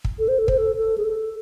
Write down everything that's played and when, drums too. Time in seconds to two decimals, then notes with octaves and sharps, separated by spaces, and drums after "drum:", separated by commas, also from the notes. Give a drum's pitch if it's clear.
0.05 drum: kick
0.19 A4
0.28 C5
0.38 A4
0.48 C5, drum: kick
0.58 A4
0.76 A4
0.98 G#4
1.04 A4